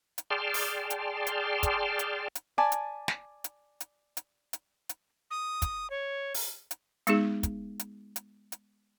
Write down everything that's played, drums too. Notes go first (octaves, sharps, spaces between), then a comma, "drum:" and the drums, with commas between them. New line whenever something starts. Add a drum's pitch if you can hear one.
drum: hi-hat
G#4 D5 G5 A5 C6 F6
drum: open hi-hat
drum: hi-hat
drum: hi-hat
drum: kick, hi-hat
drum: hi-hat
drum: hi-hat
D5 G#5 A5 B5
drum: hi-hat
drum: snare
drum: hi-hat
drum: hi-hat
drum: hi-hat
drum: hi-hat
drum: hi-hat
D#6
drum: kick, hi-hat
C#5
drum: open hi-hat
drum: hi-hat
G#3 B3 D#4 G#4, drum: hi-hat
drum: kick, hi-hat
drum: hi-hat
drum: hi-hat
drum: hi-hat